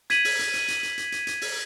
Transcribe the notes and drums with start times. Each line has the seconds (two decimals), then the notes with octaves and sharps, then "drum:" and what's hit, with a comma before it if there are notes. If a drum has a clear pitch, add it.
0.10 G#6 B6 D#7 F#7, drum: hi-hat
0.24 drum: open hi-hat
0.39 drum: hi-hat
0.54 drum: hi-hat
0.68 drum: hi-hat
0.83 drum: hi-hat
0.98 drum: hi-hat
1.12 drum: hi-hat
1.27 drum: hi-hat
1.41 drum: open hi-hat